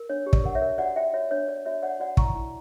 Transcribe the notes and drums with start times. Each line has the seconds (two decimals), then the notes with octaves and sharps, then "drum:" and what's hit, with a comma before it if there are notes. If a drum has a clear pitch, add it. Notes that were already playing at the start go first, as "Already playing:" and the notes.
Already playing: A#4
0.09 D4 C#5
0.26 G4
0.33 D5, drum: kick
0.44 A#4 F#5
0.55 C#5 E5
0.61 A#4
0.78 F#4 D5 F#5
0.96 F#4 E5 G5
1.13 F#4 C#5 E5
1.31 D4 C#5
1.48 D4 D5
1.66 F#4 C#5 E5
1.83 C#5 D5 F#5
2.00 F#4 D5 F#5
2.17 E4 A#5 C#6, drum: kick
2.35 E4